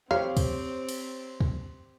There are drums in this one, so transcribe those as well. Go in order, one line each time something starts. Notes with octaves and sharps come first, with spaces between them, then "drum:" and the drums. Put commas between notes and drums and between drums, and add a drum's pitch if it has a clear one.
C4 G4 C5 C#5 F5
drum: kick, cymbal
drum: cymbal
drum: kick